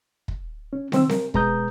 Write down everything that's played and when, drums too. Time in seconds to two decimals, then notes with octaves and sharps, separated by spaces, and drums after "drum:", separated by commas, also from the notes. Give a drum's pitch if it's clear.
0.28 drum: kick
0.73 C#4
0.92 D#3 C4 E6, drum: snare
1.09 A#4, drum: snare
1.34 B2 G#3 B4 A#5 D#6 G6, drum: kick